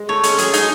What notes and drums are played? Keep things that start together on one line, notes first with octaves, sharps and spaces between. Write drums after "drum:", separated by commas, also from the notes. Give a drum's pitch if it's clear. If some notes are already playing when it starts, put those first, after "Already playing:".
Already playing: G#3
A3 C#5
G#3 C#4, drum: hi-hat
F#3 G#4, drum: hi-hat
G#3 D#4, drum: hi-hat